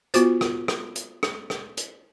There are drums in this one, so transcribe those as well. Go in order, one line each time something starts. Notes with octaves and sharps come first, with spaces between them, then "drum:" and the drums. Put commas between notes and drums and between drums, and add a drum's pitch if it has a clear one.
B3 F4 F#4 C5, drum: hi-hat
drum: rim click
drum: rim click
drum: hi-hat
drum: rim click
drum: rim click
drum: hi-hat